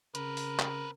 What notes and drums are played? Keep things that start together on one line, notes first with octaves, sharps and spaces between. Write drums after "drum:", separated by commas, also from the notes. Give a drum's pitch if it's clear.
C#3 C4 A#4 B4, drum: hi-hat
drum: open hi-hat
drum: clap